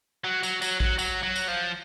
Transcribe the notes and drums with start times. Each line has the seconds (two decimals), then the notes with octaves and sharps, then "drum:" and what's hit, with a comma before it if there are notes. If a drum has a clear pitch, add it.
0.24 F#3
0.43 F#3, drum: tambourine
0.62 F#3, drum: tambourine
0.80 F#3, drum: kick
0.99 F#3, drum: tambourine
1.23 F#3
1.36 drum: tambourine
1.48 F3